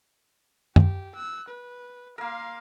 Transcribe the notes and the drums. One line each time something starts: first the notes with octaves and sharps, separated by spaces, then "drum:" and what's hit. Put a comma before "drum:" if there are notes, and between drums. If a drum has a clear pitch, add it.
G4, drum: tom F#2
E6 F#6
B4
A#3 A#4 F5 C6